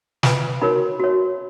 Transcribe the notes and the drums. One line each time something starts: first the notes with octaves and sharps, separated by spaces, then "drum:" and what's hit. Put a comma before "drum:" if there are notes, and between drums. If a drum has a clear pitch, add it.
F4 B4 B5, drum: snare
D#4 F#4 A#4 C#5 B5
F#4 C#5